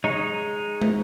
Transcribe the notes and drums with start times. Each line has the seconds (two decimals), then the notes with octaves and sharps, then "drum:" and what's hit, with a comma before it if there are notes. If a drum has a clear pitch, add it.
0.04 G#3 D#4 C#5
0.82 drum: tom